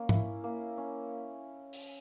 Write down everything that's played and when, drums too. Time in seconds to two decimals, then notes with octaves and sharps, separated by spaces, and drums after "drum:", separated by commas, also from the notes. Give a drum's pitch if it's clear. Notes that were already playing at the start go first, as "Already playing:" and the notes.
Already playing: A#3 C#4
0.09 E4, drum: tom
0.44 A#3
0.77 C#4
1.73 drum: open hi-hat